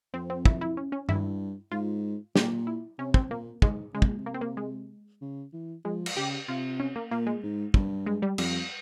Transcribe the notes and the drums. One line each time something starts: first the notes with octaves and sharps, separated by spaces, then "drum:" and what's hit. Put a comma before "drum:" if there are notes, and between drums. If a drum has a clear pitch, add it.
F2 C4
C4
E4, drum: kick
E4
C#4
C#4
G2 E4, drum: tom G2
G#2 F4
A#2 G4, drum: snare
E4
C3 C#4
C4, drum: kick
A#2 A#3
G#2 G#3, drum: kick
C#3 G#3
C3, drum: kick
A#2
C3
A#3
C4
A#3
G#3
C#3
E3
F3 G#3
drum: cymbal
C#3 G4
C3 F4
C#4
A#3
A#2 A#3
G#3
G#2
G2, drum: kick
G#3
G3
F2 G3, drum: cymbal